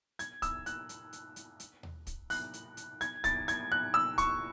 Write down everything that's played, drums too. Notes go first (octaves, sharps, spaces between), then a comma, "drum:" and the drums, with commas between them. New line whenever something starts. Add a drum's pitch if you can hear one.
G#6, drum: hi-hat
E6, drum: kick, hi-hat
F#6, drum: hi-hat
drum: hi-hat
drum: hi-hat
drum: hi-hat
drum: hi-hat
drum: tom D#2
drum: kick, hi-hat
F#6, drum: open hi-hat
drum: hi-hat
drum: hi-hat
G#6, drum: hi-hat
A6, drum: kick, hi-hat
G#6, drum: hi-hat
F#6
E6
C#6, drum: kick, hi-hat